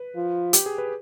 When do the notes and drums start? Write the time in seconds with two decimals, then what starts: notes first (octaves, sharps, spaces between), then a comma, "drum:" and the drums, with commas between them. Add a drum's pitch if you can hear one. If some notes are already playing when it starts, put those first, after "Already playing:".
Already playing: B4
0.16 F3
0.53 G4, drum: hi-hat
0.66 G#4
0.78 B4